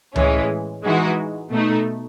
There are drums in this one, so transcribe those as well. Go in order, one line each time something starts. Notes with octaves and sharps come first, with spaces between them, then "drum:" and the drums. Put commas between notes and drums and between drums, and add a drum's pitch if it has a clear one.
A2 E3 G#3 C#4, drum: tom C#2
E3 G#3 D#4 F#4
B2 A3 D#4